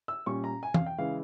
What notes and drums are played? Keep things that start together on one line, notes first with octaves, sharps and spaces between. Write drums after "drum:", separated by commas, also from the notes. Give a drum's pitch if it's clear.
E6
A#2 G3 C#4 C#6
A#5
G#5
F5, drum: tom E3
G5
C#3 E3 G#3 F5